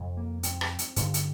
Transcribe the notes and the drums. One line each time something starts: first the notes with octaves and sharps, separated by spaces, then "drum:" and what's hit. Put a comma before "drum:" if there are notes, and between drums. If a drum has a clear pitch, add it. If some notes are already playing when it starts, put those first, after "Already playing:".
Already playing: F2 C3
A#3
C4, drum: hi-hat
drum: rim click
drum: hi-hat
G2 D3, drum: hi-hat
drum: hi-hat